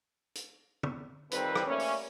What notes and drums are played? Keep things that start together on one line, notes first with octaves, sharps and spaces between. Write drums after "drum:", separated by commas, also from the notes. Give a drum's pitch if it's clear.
drum: hi-hat
drum: tom
F2 D#3 G3 C4 B4, drum: hi-hat
drum: rim click
G3 A3 A#3 C#4
drum: open hi-hat